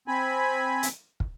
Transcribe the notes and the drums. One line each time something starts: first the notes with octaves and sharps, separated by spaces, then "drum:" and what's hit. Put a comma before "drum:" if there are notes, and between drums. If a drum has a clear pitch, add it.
C4 G#5 B5
drum: hi-hat
drum: kick